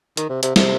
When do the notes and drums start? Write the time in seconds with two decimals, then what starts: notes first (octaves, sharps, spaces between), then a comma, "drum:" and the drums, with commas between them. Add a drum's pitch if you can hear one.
0.17 D#3, drum: hi-hat
0.30 C3
0.43 C3, drum: hi-hat
0.56 C3, drum: snare